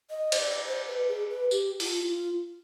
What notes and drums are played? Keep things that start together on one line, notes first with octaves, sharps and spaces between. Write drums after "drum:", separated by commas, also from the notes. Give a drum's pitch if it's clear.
D#5
C5, drum: cymbal
D5
C5
B4
G#4
B4
G4, drum: tambourine
F4, drum: open hi-hat
F4